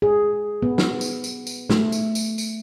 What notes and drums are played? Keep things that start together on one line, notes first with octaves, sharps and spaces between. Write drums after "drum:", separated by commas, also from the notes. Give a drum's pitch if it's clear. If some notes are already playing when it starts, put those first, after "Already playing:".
G#4
B3
drum: snare
drum: tambourine
drum: tambourine
drum: tambourine
A3, drum: snare
drum: tambourine
drum: tambourine
drum: tambourine